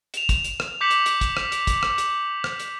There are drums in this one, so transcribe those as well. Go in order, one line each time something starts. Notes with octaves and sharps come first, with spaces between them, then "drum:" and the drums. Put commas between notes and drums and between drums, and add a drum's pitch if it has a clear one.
E7 F7, drum: hi-hat
drum: kick, hi-hat
drum: hi-hat
drum: rim click
D6 G6 B6 C#7 F7 F#7
drum: hi-hat
drum: hi-hat
drum: kick, hi-hat
drum: rim click
drum: hi-hat
drum: kick, hi-hat
drum: rim click
drum: hi-hat
drum: rim click
drum: hi-hat